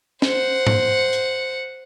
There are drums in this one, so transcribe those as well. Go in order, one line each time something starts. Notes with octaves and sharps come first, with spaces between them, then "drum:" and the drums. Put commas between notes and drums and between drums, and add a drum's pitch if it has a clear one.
C5 F#5, drum: snare
drum: tom G#2
drum: hi-hat